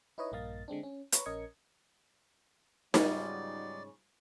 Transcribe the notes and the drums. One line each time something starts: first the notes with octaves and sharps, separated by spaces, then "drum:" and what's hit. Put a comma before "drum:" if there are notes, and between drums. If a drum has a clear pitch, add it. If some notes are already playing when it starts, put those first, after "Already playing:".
D#4 E4 B4 C#5 D#5
A#1 G2 A#3 D#5 F5 A6
D3 G#3 C4 D4
C#4
B4 C#5 A#5 B5 C#6, drum: hi-hat
A#1 C#4 A#4 D#5 G#6 C#7
G#2 C#3 F#3 G3 B3 D#4 F4 D5, drum: snare D#4